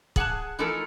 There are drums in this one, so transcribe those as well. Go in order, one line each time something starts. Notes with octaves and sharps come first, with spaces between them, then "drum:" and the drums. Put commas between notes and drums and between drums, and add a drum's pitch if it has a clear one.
G#4 F#5 G#5 A5, drum: kick
E3 F3 A3 D#4 A4 A#4